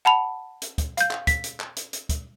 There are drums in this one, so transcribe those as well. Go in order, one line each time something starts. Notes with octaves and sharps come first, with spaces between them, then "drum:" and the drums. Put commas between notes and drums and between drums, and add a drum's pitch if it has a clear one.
F#5 A5 B5 F7
drum: hi-hat
drum: kick, hi-hat
F5 G6, drum: hi-hat
drum: clap
B6, drum: kick, hi-hat
drum: hi-hat
drum: clap
drum: hi-hat
drum: hi-hat
drum: kick, hi-hat